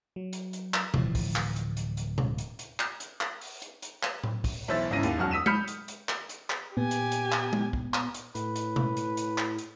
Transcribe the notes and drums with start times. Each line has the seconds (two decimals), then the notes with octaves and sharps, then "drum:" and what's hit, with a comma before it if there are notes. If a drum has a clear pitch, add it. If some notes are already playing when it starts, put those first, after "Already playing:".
0.16 F#3
0.33 drum: hi-hat
0.53 drum: hi-hat
0.74 drum: clap
0.94 D1 A2 E3 F3, drum: tom B2
1.15 drum: kick, open hi-hat
1.36 drum: clap
1.56 drum: hi-hat
1.77 drum: hi-hat
1.97 drum: hi-hat
2.18 drum: tom B2
2.38 drum: hi-hat
2.59 drum: hi-hat
2.80 drum: clap
3.00 drum: hi-hat
3.21 drum: clap
3.41 drum: open hi-hat
3.62 drum: hi-hat
3.82 drum: hi-hat
4.03 drum: clap
4.24 drum: tom A2
4.44 drum: kick, open hi-hat
4.68 B1 E3 C5 E5 A6
4.90 G#1 C#2 C#3 E4 A#6 D#7
5.03 D#2 D#7, drum: hi-hat
5.17 E1 F#2 F#4 A5 F6
5.31 D#6 E6 B6 D#7 E7
5.46 B5 D#6 F6 G6 B6 C#7, drum: tom G#3
5.68 drum: hi-hat
5.88 drum: hi-hat
6.09 drum: clap
6.29 drum: hi-hat
6.50 drum: clap
6.77 A#2 B3 G4 G#5
6.91 drum: hi-hat
7.12 drum: hi-hat
7.32 drum: clap
7.53 drum: tom G#3
7.73 drum: kick
7.94 drum: clap
8.14 drum: hi-hat
8.35 A2 B4, drum: hi-hat
8.56 drum: hi-hat
8.76 drum: tom B2
8.97 drum: hi-hat
9.17 drum: hi-hat
9.38 drum: clap
9.58 drum: hi-hat